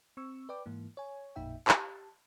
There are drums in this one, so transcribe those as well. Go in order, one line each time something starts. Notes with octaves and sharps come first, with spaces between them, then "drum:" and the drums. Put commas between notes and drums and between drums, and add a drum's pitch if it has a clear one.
C4 C#6 E6
B4 D5 G5 D6
G#2 E3 A#3
C#5 G#5
A1 F2 A#2 D#4 E5 G5
G4 A5, drum: clap